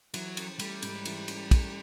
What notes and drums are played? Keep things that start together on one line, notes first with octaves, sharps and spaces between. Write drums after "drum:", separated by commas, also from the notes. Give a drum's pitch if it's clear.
E3 F#3, drum: cymbal
C#4, drum: cymbal
G3 A3, drum: cymbal
G#2, drum: cymbal
E3, drum: cymbal
C#4, drum: cymbal
A3, drum: kick, cymbal